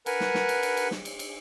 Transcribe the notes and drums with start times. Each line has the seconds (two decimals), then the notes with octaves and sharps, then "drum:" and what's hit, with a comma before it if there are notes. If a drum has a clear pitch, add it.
0.06 A#4 B4 F#5 G#5, drum: cymbal
0.20 drum: snare
0.35 drum: snare
0.49 drum: cymbal
0.63 drum: cymbal
0.77 drum: cymbal
0.91 drum: snare
1.05 drum: cymbal
1.19 drum: cymbal